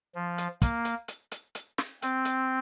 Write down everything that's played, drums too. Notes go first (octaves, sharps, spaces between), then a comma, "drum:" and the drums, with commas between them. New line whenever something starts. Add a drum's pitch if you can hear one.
F3
drum: hi-hat
A#3, drum: kick, hi-hat
drum: hi-hat
drum: hi-hat
drum: hi-hat
drum: hi-hat
drum: snare
C4, drum: hi-hat
drum: hi-hat